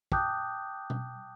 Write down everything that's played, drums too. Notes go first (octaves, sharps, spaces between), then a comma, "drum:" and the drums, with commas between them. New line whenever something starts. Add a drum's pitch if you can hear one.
G5 A5 D6 D#6 F#6 G6, drum: kick
drum: tom B2